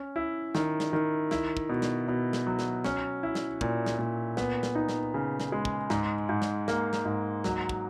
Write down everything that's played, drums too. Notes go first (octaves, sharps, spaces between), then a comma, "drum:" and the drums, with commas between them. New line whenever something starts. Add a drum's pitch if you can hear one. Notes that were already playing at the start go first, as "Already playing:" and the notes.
Already playing: C#4
E4
D#3, drum: snare
drum: snare
D#3
E4, drum: snare
drum: kick
B2
drum: snare
B2
drum: snare
F#3
drum: snare
C#4, drum: snare
E4
drum: snare
A#2, drum: kick
drum: snare
A#2
B3, drum: snare
drum: snare
D#4
drum: snare
C#3
drum: snare
G#3
drum: kick
G#2, drum: snare
G#2
drum: snare
A#3, drum: snare
drum: snare
G#2
F#3, drum: snare
drum: kick